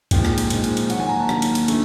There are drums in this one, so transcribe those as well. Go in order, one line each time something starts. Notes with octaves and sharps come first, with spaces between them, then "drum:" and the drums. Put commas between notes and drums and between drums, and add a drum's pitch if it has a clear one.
A#2 F3 G#3 C4 D#4 G5, drum: kick A#1, cymbal
drum: rim click
drum: cymbal
A#2 F3 G#3 C4 D#4, drum: cymbal
drum: cymbal
drum: cymbal
D#2 D#3 F#3 F#5, drum: cymbal
G#5
A#5
A5
D#2 D#3 F#3, drum: rim click
drum: cymbal
drum: cymbal
D3 F3 A3, drum: cymbal